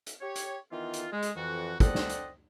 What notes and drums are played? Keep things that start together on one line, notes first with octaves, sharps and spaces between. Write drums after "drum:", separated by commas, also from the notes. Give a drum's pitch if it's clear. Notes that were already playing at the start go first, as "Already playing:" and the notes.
drum: hi-hat
G4 C#5
drum: hi-hat
D#3 E3 B3 F4
drum: hi-hat
G#3
drum: hi-hat
F2 E3 F#4
C4 A4 C5 D5 D#5 F#5, drum: kick, hi-hat
drum: snare
drum: hi-hat